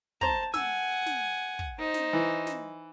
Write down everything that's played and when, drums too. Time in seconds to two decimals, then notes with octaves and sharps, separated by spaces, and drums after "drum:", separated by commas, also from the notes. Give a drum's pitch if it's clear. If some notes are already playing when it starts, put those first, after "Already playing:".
0.21 C5 A5 A#5, drum: kick
0.54 F#5 G#5 E6, drum: snare
1.06 drum: snare
1.59 drum: kick
1.79 D#4 C5
1.94 drum: snare
2.13 E3
2.47 drum: snare